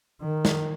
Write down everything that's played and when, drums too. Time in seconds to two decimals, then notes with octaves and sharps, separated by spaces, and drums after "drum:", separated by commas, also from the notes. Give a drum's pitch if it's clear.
0.21 D#3
0.45 drum: snare